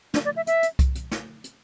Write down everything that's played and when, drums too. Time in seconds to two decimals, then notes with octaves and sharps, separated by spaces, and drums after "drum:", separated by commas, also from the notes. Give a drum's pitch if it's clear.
0.14 D4, drum: snare
0.25 D5
0.36 E5
0.47 E5, drum: hi-hat
0.63 drum: hi-hat
0.79 drum: kick C2, hi-hat
0.95 drum: hi-hat
1.11 drum: snare
1.44 drum: hi-hat